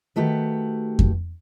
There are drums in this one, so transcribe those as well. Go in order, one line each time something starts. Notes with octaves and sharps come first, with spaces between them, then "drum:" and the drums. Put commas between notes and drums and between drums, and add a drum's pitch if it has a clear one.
D#3 A3 F#4 G4 B4
drum: kick F2